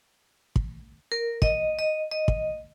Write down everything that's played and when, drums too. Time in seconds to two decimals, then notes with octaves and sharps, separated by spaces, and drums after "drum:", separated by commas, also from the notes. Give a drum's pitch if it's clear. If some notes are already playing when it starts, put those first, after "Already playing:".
0.56 drum: kick
1.12 A#4
1.42 D#5, drum: kick
1.79 D#5
2.11 D#5
2.28 drum: kick